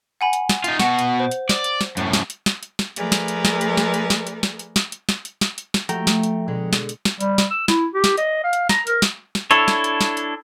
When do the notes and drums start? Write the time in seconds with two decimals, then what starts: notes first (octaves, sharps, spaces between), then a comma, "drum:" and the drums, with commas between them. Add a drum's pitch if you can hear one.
0.21 F#5 G#5 B5
0.33 drum: hi-hat
0.49 drum: snare
0.64 D#4 F4, drum: hi-hat
0.80 B2 F#4 F#5, drum: snare
0.99 drum: hi-hat
1.20 C5
1.31 drum: hi-hat
1.49 D5, drum: snare
1.64 drum: hi-hat
1.81 drum: snare
1.97 F#2 A2, drum: hi-hat
2.13 drum: snare
2.30 drum: hi-hat
2.46 drum: snare
2.63 drum: hi-hat
2.79 drum: snare
2.96 F3 A3 G#4 A#4 B4 D5, drum: hi-hat
3.12 drum: snare
3.28 drum: hi-hat
3.45 drum: snare
3.61 drum: hi-hat
3.77 drum: snare
3.94 drum: hi-hat
4.10 drum: snare
4.27 drum: hi-hat
4.43 drum: snare
4.59 drum: hi-hat
4.76 drum: snare
4.92 drum: hi-hat
5.09 drum: snare
5.25 drum: hi-hat
5.41 drum: snare
5.58 drum: hi-hat
5.74 drum: snare
5.89 F3 A3 F#4 G4 G5 A#5, drum: hi-hat
6.07 drum: snare
6.23 drum: hi-hat
6.48 B2 D3 G#3
6.73 drum: snare
6.89 drum: hi-hat
7.05 drum: snare
7.20 G3, drum: hi-hat
7.38 drum: snare
7.51 E6
7.68 E4, drum: snare
7.94 G4
8.04 drum: snare
8.17 D#5, drum: hi-hat
8.44 F5
8.53 drum: hi-hat
8.69 A#5, drum: snare
8.87 A#4, drum: hi-hat
9.02 drum: snare
9.35 drum: snare
9.51 D4 E4 A4 C#5, drum: hi-hat
9.68 drum: snare
9.84 drum: hi-hat
10.01 drum: snare
10.17 drum: hi-hat